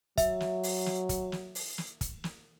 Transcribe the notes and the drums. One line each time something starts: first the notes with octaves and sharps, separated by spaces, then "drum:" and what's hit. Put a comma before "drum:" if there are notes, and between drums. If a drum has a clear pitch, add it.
F#3 E5, drum: kick, hi-hat
drum: snare
drum: open hi-hat
drum: snare
drum: kick, hi-hat
drum: snare
drum: open hi-hat
drum: snare
drum: kick, hi-hat
drum: snare